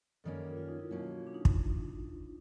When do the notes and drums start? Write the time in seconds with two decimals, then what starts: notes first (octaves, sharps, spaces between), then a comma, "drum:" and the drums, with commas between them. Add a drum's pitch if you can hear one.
0.24 F#2 D#3 G3 A#3 C#4 A4
0.47 F4
0.57 F4
0.69 D#4
0.80 E4
0.90 B2 F#3 A#3 C#4 F4
1.27 D4
1.34 D#4
1.45 drum: kick